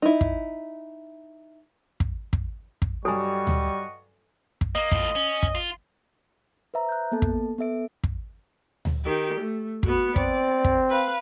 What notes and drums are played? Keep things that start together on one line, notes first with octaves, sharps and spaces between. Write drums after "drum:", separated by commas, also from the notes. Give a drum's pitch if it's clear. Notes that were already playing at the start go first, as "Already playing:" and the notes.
D#4 E4
drum: kick
drum: kick
drum: kick
drum: kick
G2 F#3 G3 F#4 A4 D#5 G#5 C#6
drum: tom D2
drum: kick
A#3 D#5
A2 F4, drum: kick
C#4
drum: kick
F4
B4 C5 E5 A#5
F#6 G6
A#3 B3 A4 A5
drum: kick
B3 A4 E5 D7
drum: kick
drum: tom D2
D#3 G4
A3
B3 F#4, drum: kick
C4 D5, drum: kick
drum: kick
B4 F5